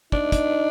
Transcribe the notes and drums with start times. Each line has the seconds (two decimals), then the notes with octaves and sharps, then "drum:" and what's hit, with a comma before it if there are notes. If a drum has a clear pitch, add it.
0.12 D4 D#4, drum: kick
0.32 drum: kick, hi-hat